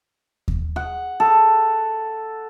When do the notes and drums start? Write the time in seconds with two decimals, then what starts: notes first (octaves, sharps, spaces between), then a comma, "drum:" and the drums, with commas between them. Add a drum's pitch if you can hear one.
0.48 drum: kick D#2
0.76 F#5
1.20 A4